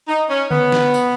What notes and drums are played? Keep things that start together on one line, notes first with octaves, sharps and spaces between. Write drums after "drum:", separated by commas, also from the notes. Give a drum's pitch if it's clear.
D#4
C#4
B3, drum: tom C#3
drum: snare
drum: tambourine